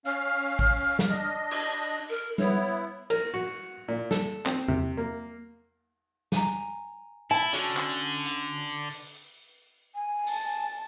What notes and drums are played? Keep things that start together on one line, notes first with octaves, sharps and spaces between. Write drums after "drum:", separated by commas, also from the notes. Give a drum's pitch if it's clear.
C#4 F5 F6
drum: kick
drum: snare
D4 D#5
drum: cymbal
A#4
B3 E4 C#5, drum: tom G3
A#4, drum: cymbal
F#4
A#2
A4, drum: snare
C4, drum: clap
C3, drum: tom E2
A#3
G#5 A#5, drum: snare
E4 A5, drum: hi-hat
D3 C#4 F#4
drum: clap
drum: hi-hat
drum: open hi-hat
G#5
A5, drum: open hi-hat